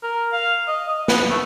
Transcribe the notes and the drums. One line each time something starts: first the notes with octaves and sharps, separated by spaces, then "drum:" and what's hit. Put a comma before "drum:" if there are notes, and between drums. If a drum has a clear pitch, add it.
A#4
F5
D#5
D#5
B4, drum: snare
A3